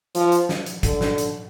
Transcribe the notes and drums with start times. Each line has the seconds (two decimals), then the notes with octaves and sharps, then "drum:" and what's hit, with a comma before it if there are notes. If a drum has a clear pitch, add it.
0.15 F3, drum: hi-hat
0.32 drum: hi-hat
0.49 drum: snare
0.66 drum: hi-hat
0.83 D3, drum: kick, hi-hat
1.01 drum: snare
1.18 drum: hi-hat